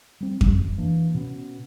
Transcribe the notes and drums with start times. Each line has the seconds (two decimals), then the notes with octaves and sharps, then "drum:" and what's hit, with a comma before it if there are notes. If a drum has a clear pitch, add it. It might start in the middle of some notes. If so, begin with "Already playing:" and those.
0.21 G3 C4
0.41 E2 G3, drum: kick F2
0.59 F#2
0.78 E3 A#3 D4
1.15 B2 B3 C#4